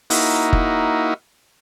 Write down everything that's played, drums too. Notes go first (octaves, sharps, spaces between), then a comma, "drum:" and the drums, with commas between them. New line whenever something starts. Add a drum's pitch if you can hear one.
A#3 D#4 E4 F#4, drum: open hi-hat
drum: kick